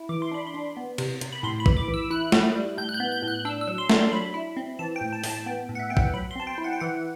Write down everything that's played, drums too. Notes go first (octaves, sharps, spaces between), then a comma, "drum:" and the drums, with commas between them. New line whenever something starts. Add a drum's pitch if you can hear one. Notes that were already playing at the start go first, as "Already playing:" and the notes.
Already playing: E4
E3 D6
C6
D4 B5
C6
D4
B3
C3, drum: cymbal
C3, drum: hi-hat
B5
A2 C6
B5
E3, drum: kick
D6
E3
E6
E4 F#6
E4, drum: snare
G3
A2 G6
F#6
G6
B3
G6
A2
F#6
D4 E6
E6
F#3
C6
D4, drum: snare
C6
F#3 B5
E4
C4
E3 A5
G5
A2
A5
A2, drum: open hi-hat
A5
B3 G5
A2
F#5
E5
B3 G5
F#5, drum: kick
F#3 B5
C6
C4 A5
G5
E4
F#5
G5
E3 F#5